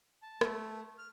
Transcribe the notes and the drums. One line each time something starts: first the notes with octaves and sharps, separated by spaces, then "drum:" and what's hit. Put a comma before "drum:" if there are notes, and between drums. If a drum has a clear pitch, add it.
A5
A3, drum: rim click
F6